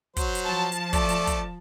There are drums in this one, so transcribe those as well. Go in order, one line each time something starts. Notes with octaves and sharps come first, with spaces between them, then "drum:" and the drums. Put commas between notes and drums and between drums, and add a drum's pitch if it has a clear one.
F#3 C5, drum: kick, hi-hat
drum: hi-hat
F3 A5
drum: hi-hat
A3 D5, drum: kick, hi-hat
drum: hi-hat
drum: kick, hi-hat